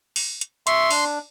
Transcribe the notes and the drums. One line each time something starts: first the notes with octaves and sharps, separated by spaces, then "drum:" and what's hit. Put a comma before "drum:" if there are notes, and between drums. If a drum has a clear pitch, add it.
drum: open hi-hat
drum: hi-hat
E5 C6 C#6, drum: hi-hat
D4, drum: open hi-hat